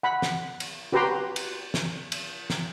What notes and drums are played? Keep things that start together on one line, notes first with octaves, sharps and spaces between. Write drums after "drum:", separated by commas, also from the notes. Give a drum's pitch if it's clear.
F#5 B5
drum: snare
drum: cymbal
F#4 G4 B4 G5 A#5 C6
drum: cymbal
drum: snare
drum: cymbal
drum: snare